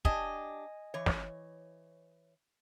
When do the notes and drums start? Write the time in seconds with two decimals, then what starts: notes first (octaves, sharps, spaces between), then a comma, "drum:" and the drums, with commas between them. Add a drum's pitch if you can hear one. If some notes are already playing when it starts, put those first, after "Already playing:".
0.05 D4 G4 D#5 G#5, drum: kick
0.94 E3 C#5
1.06 drum: snare